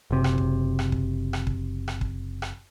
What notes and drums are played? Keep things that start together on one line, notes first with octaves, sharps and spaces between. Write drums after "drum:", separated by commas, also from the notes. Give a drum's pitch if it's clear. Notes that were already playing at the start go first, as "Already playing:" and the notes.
F#1 C3
drum: rim click
drum: kick
drum: rim click
drum: kick
drum: rim click
drum: kick
drum: rim click
drum: kick
drum: rim click